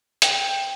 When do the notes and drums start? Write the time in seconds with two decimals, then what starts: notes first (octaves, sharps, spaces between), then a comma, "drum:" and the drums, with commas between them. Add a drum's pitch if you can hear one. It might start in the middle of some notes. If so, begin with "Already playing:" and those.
0.22 G5, drum: hi-hat